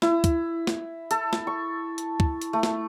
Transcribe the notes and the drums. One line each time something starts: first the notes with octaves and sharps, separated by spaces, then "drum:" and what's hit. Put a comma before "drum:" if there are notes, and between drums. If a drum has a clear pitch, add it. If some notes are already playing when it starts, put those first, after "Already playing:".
E4, drum: snare
drum: kick, hi-hat
drum: snare
A4, drum: hi-hat
drum: snare
C#6
drum: hi-hat
drum: kick
drum: hi-hat
A3
drum: snare